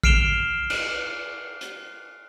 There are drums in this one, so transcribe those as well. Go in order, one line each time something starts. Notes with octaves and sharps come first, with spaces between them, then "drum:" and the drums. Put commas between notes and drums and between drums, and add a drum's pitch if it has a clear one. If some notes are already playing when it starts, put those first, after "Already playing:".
F6 C7 D7 E7 F7 G7, drum: kick
drum: cymbal
drum: hi-hat